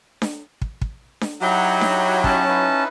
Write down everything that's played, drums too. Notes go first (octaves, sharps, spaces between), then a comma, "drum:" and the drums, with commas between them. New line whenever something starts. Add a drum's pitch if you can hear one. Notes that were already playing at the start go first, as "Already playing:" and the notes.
drum: snare D4
drum: kick
drum: kick
drum: snare D4
F#3 D#4 E4 G4
drum: snare D4
C#4 A5, drum: kick
D#4 E4 B4